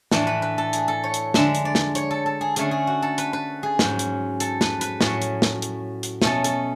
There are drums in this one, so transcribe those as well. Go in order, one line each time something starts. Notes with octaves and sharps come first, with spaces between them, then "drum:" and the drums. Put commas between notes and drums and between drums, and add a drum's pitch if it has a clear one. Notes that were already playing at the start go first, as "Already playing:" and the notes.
A2 E3 A3 D4 A4, drum: snare
B4
B4
A4
G#4, drum: hi-hat
A4
C#5
drum: hi-hat
D3 G#3 D4 E5, drum: snare
drum: hi-hat
D5
drum: snare
C#5, drum: hi-hat
A4
A4
G#4
D3 A3 C#4 G#4, drum: hi-hat
G#4
F#4
A4
B4, drum: hi-hat
B4
G#4
G#2 F#3 C#4, drum: snare
drum: hi-hat
A4, drum: hi-hat
B4, drum: snare
B4, drum: hi-hat
A2 F#3 C#4 C#5, drum: snare
drum: hi-hat
drum: snare
drum: hi-hat
drum: hi-hat
B2 A3 C#4 A4, drum: snare
A4, drum: hi-hat